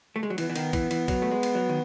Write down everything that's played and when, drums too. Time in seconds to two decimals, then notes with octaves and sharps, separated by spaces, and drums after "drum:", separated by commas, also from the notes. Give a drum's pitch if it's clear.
0.16 A3
0.23 G#3
0.30 F#3
0.38 E3 B3, drum: cymbal
0.50 E3
0.56 D#3, drum: cymbal
0.73 E3, drum: kick, cymbal
0.91 E3, drum: cymbal
1.08 F#3, drum: kick, cymbal
1.22 A3
1.31 G#3
1.43 drum: cymbal
1.55 F#3
1.69 D#3